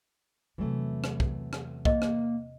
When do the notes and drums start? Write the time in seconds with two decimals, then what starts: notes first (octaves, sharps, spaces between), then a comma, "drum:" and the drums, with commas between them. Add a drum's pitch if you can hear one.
0.58 E2 C3 E3 F#3 A3
1.04 drum: rim click
1.20 drum: kick
1.53 drum: rim click
1.85 A#3 D#5, drum: kick
2.02 drum: rim click